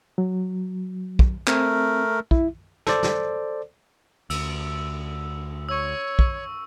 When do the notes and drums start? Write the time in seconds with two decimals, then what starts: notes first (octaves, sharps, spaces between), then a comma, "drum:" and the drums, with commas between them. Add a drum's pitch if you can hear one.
0.18 F#3
1.19 drum: kick
1.47 A3 C4 A#4, drum: clap
2.31 E4, drum: kick
2.87 A4 C5 D5, drum: snare
3.03 drum: snare
4.30 D2 E6, drum: cymbal
5.69 C#5 C#6 E6
6.19 drum: kick